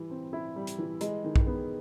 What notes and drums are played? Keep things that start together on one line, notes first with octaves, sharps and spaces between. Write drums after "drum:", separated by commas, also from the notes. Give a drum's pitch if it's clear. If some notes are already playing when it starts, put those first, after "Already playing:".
Already playing: E3 G3
C4
E4
G3
drum: hi-hat
E3
G#3, drum: hi-hat
D#3
drum: kick A#1
B3